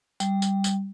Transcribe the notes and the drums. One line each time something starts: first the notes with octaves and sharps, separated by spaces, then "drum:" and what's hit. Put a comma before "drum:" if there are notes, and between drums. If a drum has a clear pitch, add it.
G3, drum: tambourine
drum: tambourine
drum: tambourine